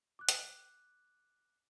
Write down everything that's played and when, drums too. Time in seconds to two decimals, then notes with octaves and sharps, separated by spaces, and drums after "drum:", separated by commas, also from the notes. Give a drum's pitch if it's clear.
0.19 D6 F#6
0.29 drum: hi-hat